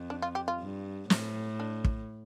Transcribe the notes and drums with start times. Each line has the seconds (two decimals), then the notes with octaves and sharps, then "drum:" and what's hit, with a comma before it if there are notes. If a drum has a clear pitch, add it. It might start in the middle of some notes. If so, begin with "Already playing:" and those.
Already playing: F2
0.10 D4
0.22 F4
0.35 G4
0.48 F4
0.60 G2
1.10 A2, drum: snare
1.60 D4
1.84 drum: kick